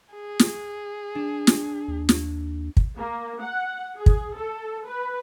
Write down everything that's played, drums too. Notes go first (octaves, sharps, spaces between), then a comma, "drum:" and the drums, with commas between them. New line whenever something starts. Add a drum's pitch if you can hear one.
G#4
drum: snare
D4
drum: snare
D#2
drum: snare
drum: kick
A#3
F#5
G#4
drum: kick
A4
B4